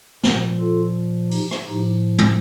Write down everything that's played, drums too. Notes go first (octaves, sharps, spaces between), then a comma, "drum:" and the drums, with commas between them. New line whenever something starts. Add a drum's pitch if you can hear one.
A#2 F3 G4 A#4, drum: snare
F4 A4
D#4 G4, drum: open hi-hat
drum: rim click
A2 F3 D#4 G4
drum: tom